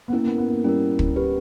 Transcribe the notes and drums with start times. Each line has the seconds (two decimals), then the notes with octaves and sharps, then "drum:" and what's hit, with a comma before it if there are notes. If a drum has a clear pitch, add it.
0.08 B3
0.13 A#3 C#4 E4 A#4
0.25 B3
0.38 B3
0.51 A#3
0.64 G3 C#4 E4 A#4
0.99 drum: kick
1.16 C#4 G4 B4